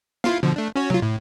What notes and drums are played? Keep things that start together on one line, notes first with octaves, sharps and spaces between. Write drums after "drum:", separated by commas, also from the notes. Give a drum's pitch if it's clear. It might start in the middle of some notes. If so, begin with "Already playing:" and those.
E4 F4 F5, drum: snare
B2 D3 F3
A3 D4
C#4 F#4 C#5
F#3 F4, drum: tom C3
A2